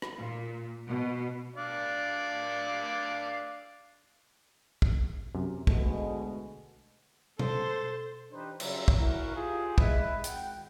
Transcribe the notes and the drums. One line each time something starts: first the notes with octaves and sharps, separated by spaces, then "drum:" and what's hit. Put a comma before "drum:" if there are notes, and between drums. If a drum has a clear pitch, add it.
drum: rim click
A#2
B2
D4 D5 F5
drum: kick
F#2 C3
D2 B2 G#3 A3, drum: kick
A4 C5, drum: tom
E3 D4 D#4 G4 B4 C5
C#3 F#3 G3 F4 E5 A#5, drum: cymbal
drum: kick
E4 F#4 A#4
F4 G4 G#4
G#3 E4 B4, drum: kick
G#1 F#5 G5, drum: hi-hat